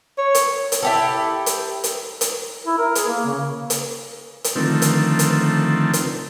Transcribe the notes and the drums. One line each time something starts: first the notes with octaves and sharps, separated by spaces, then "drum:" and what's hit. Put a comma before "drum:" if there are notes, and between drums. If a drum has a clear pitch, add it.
C#5
drum: hi-hat
drum: hi-hat
E4 G4 A4
drum: hi-hat
drum: hi-hat
drum: hi-hat
E4
A#4
G#4, drum: hi-hat
A#3
C#3
drum: hi-hat
drum: hi-hat
D3 D#3 F3 A3 C4
drum: hi-hat
drum: hi-hat
drum: hi-hat